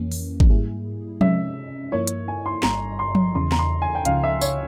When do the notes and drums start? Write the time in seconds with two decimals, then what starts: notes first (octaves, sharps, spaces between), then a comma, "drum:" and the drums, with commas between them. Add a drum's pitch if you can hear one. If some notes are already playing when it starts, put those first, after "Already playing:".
Already playing: F2 E3 A#3 C#4
0.12 drum: open hi-hat
0.40 drum: kick
0.50 G#2 G3 A#3 E4 G#4
1.21 C3 F3 G#3 C#4 E5, drum: tom F3
1.92 G2 F3 A#3 E4 C#5
2.07 drum: hi-hat
2.28 G#5
2.46 C6
2.63 G1 G2 G3 A#5, drum: snare
2.99 C6
3.15 drum: tom F3
3.35 E2 C#3 E3 C6
3.52 A#5, drum: snare
3.59 C6
3.82 G#5
3.95 G5
4.05 C#2 C#3 F3 F5, drum: hi-hat
4.24 E5
4.41 C#5, drum: tambourine